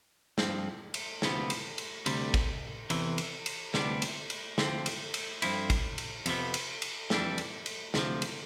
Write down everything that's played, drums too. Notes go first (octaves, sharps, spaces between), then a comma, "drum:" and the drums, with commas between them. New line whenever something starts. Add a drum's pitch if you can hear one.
G2 F3 C4, drum: snare
drum: cymbal
D2 C3 F3 B3, drum: snare
drum: cymbal
drum: cymbal
D2 C3 G3, drum: cymbal
drum: kick, cymbal
E2 C3 E3, drum: cymbal
drum: cymbal
drum: cymbal
D2 C3 G3 B3 D4, drum: snare
drum: cymbal
drum: cymbal
D2 D3 F3 C4, drum: snare
drum: cymbal
drum: cymbal
G2 F3 C4 E4, drum: cymbal
drum: kick, cymbal
drum: cymbal
F2 C3 F3 B3, drum: cymbal
drum: cymbal
drum: cymbal
F2 E3 G3 D4, drum: snare
drum: cymbal
drum: cymbal
D2 C3 F3, drum: snare
drum: cymbal